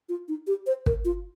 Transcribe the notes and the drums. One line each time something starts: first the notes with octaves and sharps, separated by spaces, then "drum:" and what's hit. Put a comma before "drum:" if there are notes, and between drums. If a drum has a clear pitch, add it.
F4
D#4
G4
C5
A#4, drum: kick
F4